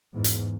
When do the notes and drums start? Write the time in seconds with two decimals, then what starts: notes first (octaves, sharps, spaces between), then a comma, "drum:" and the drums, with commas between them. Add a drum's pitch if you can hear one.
0.15 E2 G#2
0.24 drum: hi-hat